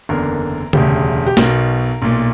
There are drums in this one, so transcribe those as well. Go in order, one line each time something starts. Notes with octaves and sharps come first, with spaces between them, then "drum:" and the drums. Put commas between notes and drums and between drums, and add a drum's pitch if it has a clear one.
F#1 E2 D3 A#4
E1 D2 C#3 G4, drum: tom C#3
G4
B1 B2 A#4, drum: snare
B1 A#2